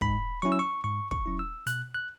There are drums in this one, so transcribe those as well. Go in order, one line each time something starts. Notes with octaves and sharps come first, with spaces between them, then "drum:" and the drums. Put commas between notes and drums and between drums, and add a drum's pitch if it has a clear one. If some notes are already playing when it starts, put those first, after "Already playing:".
G#2 B5, drum: kick
F#3 C#4 E4 C#6
E6
C#6
G#2 C#6
C#6, drum: kick
F#3 C#4 E4
E6
B2 F#6, drum: hi-hat
F#6